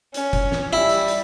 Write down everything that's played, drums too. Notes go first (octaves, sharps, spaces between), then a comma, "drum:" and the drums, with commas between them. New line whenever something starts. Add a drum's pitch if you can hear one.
C#4, drum: hi-hat
drum: kick F1, hi-hat
drum: snare
G3 E4
drum: hi-hat
drum: hi-hat